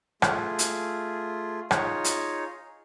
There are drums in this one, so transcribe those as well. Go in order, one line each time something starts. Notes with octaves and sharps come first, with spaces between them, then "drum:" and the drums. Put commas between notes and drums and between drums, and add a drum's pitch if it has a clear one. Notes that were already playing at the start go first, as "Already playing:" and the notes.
A3 F4 G#4, drum: rim click
drum: hi-hat
D#4 F4 G#4 C#5, drum: rim click
drum: hi-hat